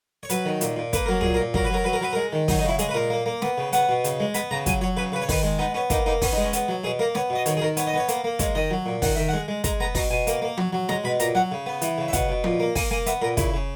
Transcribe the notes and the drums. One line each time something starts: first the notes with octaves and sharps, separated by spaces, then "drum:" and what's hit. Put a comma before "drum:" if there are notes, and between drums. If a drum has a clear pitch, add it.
C#5
F#3 B4, drum: hi-hat
D#3
A#2, drum: hi-hat
A#2
A#3 B4, drum: kick, hi-hat
F#3 A#4
A#2 G#4, drum: tom
A#4
A#2
F#3 A#4, drum: kick
B4
F#3 A#4
F#3 B4
A#4
F#3 B4
G#3 A#4
D#3
F#3 D#4, drum: kick, open hi-hat
D#4
C#3 E4
G#3 G#4, drum: hi-hat
B4
A#2 A#4
A#3
A#3
B3, drum: snare
C#3
B3 F#5, drum: hi-hat
B2
C#3, drum: hi-hat
G#3
B3 B5, drum: hi-hat
C#3 A#5
F#3 G#5, drum: kick, hi-hat
F#3 C#5
C#3 B4
C#3 B4
C#5
D#3 B4, drum: kick, open hi-hat
G#3
B3 D#4
B3 C#4
A#3 D#4, drum: kick, hi-hat
A#3 D#4
B3 C#4, drum: kick, open hi-hat
G#3 D#4
C#4
B3, drum: hi-hat
F#3
B2 G#4
A#3 A#4
B3 C#5, drum: snare
B2
D#5
D#3 C#5, drum: hi-hat
G#4
D#3 A#4
B3 C#5, drum: hi-hat
D#5
B3 C#5
A#3, drum: hi-hat
A#3
G#3 C#5, drum: kick, hi-hat
D#3 D#5
F#3
A#2
D#3 F#5, drum: kick, open hi-hat
D#3 E5
G#3 F#5
G#3
G#3 A#5, drum: kick, hi-hat
B3 A#5
B2 A#5, drum: kick, open hi-hat
B2 G#5
A#3, drum: hi-hat
A#3
F#3, drum: tom F3
F#3
G#3 A#5, drum: snare
B2 B5
A#2 A#5, drum: hi-hat
F#3 F#5
C#3
B3
E3, drum: hi-hat
C#3
E5
B2 F#5, drum: kick, hi-hat
B2
A#2, drum: tom F3
A#3
A#3 G#5, drum: kick, open hi-hat
A#3 G#5
B3 E5, drum: hi-hat
A#2 A#4
C#3 E4, drum: kick, hi-hat
C#3